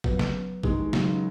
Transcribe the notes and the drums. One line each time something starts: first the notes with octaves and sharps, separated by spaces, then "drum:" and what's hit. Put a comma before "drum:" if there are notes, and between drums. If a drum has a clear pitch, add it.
F#3 B3, drum: kick
drum: snare
D#3 G#3, drum: kick
C#3 F#3, drum: snare